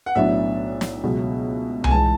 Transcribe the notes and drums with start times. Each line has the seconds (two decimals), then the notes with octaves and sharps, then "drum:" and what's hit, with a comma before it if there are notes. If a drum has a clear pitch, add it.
0.06 F#5
0.15 B1 A2 F#3 B3 D4 E5
0.81 drum: snare
1.03 C#2 B2 F#3
1.84 G#5, drum: tom C2
1.91 G#2 E3 G#3 A5